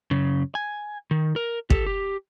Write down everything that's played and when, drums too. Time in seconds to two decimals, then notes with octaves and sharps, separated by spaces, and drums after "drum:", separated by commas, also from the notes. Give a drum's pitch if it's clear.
0.11 F#2 C#3
0.55 G#5
1.11 D#3
1.36 A#4
1.70 G4 A4, drum: kick
1.86 G4